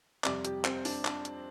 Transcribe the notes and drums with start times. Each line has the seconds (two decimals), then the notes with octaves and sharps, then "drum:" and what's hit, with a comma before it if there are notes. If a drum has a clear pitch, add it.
0.24 F2 C3 G3 D5, drum: clap
0.45 G4, drum: hi-hat
0.65 C4, drum: clap
0.85 D4, drum: open hi-hat
1.05 D4, drum: clap
1.25 drum: hi-hat